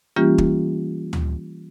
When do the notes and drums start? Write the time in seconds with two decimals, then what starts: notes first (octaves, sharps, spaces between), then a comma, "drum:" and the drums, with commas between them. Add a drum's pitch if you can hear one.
0.16 E3 G3 A#3 C#4 F4 G4
0.38 drum: kick
1.13 drum: tom D2